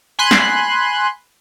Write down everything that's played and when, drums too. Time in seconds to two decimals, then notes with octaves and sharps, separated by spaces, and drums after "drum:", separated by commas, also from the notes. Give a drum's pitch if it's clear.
0.19 G#5 B5 C6 F#6
0.31 drum: snare